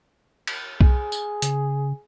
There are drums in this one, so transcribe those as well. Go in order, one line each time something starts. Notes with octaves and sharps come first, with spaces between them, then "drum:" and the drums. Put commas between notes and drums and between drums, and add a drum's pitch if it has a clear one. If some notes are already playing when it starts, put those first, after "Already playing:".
drum: cymbal
G#4, drum: kick B1
drum: tambourine
C#3, drum: hi-hat